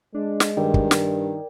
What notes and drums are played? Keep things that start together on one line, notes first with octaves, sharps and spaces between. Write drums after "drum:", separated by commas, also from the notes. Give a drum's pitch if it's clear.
G#3 D4
drum: snare
G2 D#3 A#4 D5 G5
drum: kick
drum: snare